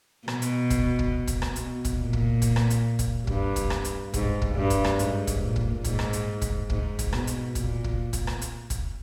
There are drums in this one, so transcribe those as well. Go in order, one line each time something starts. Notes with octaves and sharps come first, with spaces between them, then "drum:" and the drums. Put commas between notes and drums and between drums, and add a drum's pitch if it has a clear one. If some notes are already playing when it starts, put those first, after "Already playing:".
B2, drum: rim click
drum: hi-hat
drum: kick, hi-hat
drum: kick
drum: kick, hi-hat
drum: rim click
B2, drum: hi-hat
drum: kick, hi-hat
A#2
drum: kick
drum: kick, hi-hat
drum: rim click
drum: hi-hat
drum: kick, hi-hat
G2, drum: kick
drum: kick, hi-hat
drum: rim click
drum: hi-hat
G#2, drum: kick, hi-hat
drum: kick
G2
drum: kick, hi-hat
drum: rim click
G#2, drum: hi-hat
drum: kick, hi-hat
A#2
drum: kick
G#2, drum: kick, hi-hat
drum: rim click
drum: hi-hat
drum: kick, hi-hat
G#2, drum: kick
drum: kick, hi-hat
B2, drum: rim click
drum: hi-hat
A#2, drum: kick, hi-hat
drum: kick
drum: kick, hi-hat
drum: rim click
drum: hi-hat
drum: kick, hi-hat